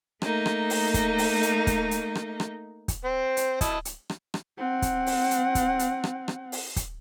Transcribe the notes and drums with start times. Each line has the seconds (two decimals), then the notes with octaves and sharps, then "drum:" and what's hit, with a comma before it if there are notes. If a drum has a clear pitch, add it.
0.22 A3 A#3 D#4, drum: rim click
0.46 drum: rim click
0.70 drum: open hi-hat
0.94 drum: kick, hi-hat
1.18 drum: open hi-hat
1.43 drum: hi-hat
1.67 drum: kick, hi-hat
1.91 drum: hi-hat
2.15 drum: rim click
2.40 drum: rim click
2.88 drum: kick, hi-hat
3.05 C4 C5
3.37 drum: hi-hat
3.61 E4 D#5 A5, drum: kick, hi-hat
3.85 drum: hi-hat
4.10 drum: rim click
4.34 drum: rim click
4.58 C4 F#5
4.82 drum: kick, hi-hat
5.07 drum: open hi-hat
5.31 drum: hi-hat
5.55 drum: kick, hi-hat
5.79 drum: hi-hat
6.04 drum: rim click
6.28 drum: rim click
6.52 drum: open hi-hat
6.76 drum: kick, hi-hat